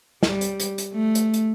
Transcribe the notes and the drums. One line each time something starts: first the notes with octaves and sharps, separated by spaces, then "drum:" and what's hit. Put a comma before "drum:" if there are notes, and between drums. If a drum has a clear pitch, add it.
G3, drum: snare
drum: hi-hat
drum: hi-hat
drum: hi-hat
A3
drum: hi-hat
drum: hi-hat